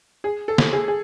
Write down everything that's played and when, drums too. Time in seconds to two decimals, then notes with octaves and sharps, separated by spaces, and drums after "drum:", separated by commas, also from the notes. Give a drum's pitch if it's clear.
0.24 G#4
0.48 A4
0.58 drum: snare
0.73 G#4
0.88 G#4